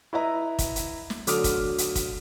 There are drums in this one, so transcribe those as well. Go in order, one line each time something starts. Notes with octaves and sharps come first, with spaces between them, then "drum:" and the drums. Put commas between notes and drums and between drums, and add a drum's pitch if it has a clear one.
E4 B4 D#5 E5 A#5
drum: kick, hi-hat
drum: hi-hat
drum: snare
D3 F#3 A3 D6 D#6 F6, drum: hi-hat
drum: kick, hi-hat
drum: hi-hat
drum: kick, hi-hat